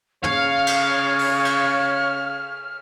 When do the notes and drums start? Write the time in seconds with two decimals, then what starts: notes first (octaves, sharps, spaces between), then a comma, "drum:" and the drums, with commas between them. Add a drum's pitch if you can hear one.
0.24 C#3 C#5 F5 F6, drum: tom
0.67 drum: cymbal
1.19 drum: open hi-hat
1.45 drum: cymbal